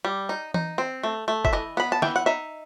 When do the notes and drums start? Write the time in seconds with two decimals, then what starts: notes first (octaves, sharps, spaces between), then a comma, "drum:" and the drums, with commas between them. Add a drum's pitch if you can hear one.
0.05 G3
0.29 D#4
0.54 D#4, drum: tom E3
0.78 C4
1.03 A3
1.28 A3
1.45 E5, drum: kick
1.53 E3 D#5
1.77 B3 B5
1.92 A5
2.02 E3 G5, drum: snare
2.16 F#5
2.26 D#4 E5